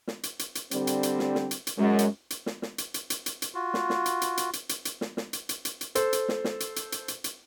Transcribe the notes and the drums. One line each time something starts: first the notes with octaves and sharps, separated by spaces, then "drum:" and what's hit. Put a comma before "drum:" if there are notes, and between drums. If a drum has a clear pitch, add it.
drum: snare
drum: hi-hat
drum: hi-hat
drum: hi-hat
D3 G3 C4, drum: hi-hat
drum: hi-hat
drum: hi-hat
drum: snare
drum: snare
drum: hi-hat
drum: hi-hat
F#2 G#3
drum: hi-hat
drum: hi-hat
drum: snare
drum: snare
drum: hi-hat
drum: hi-hat
drum: hi-hat
drum: hi-hat
drum: hi-hat
F4 F#4
drum: snare
drum: snare
drum: hi-hat
drum: hi-hat
drum: hi-hat
drum: hi-hat
drum: hi-hat
drum: hi-hat
drum: snare
drum: snare
drum: hi-hat
drum: hi-hat
drum: hi-hat
drum: hi-hat
A4 C5, drum: hi-hat
drum: hi-hat
drum: snare
drum: snare
drum: hi-hat
drum: hi-hat
drum: hi-hat
drum: hi-hat
drum: hi-hat